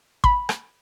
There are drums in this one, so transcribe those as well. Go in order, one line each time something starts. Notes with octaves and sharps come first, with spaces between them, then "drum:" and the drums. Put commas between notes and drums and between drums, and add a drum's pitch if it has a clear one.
B5, drum: kick
drum: rim click